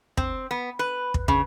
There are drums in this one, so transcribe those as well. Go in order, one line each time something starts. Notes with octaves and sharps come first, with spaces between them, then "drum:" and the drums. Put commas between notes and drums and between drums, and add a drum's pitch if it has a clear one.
C4, drum: kick
B3
B4
drum: kick
C#3, drum: kick